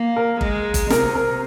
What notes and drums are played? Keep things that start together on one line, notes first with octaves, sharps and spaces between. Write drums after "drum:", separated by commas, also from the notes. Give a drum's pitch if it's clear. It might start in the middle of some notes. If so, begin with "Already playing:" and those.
Already playing: A#3
A#4
G#3, drum: kick G1
drum: kick G1, hi-hat
C3 A#4, drum: snare
A#4